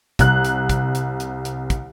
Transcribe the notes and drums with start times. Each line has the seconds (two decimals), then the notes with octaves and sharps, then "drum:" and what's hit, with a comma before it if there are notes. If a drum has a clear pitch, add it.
0.19 C2 F#6, drum: kick, hi-hat
0.44 drum: hi-hat
0.69 drum: kick, hi-hat
0.95 drum: hi-hat
1.20 drum: hi-hat
1.45 drum: hi-hat
1.70 drum: kick, hi-hat